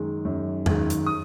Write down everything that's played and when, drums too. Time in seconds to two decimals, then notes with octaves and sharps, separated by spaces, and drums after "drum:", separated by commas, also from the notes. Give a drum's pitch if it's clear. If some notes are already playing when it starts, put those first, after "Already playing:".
Already playing: F#2 D#3 G#3
0.25 F#2
0.66 D#3 G#3, drum: tom E2
0.90 drum: hi-hat
1.06 D#6